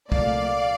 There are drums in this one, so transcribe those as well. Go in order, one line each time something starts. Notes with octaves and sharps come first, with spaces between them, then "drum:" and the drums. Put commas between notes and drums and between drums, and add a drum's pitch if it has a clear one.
C2 A#2 F3 A3 D5 F5, drum: kick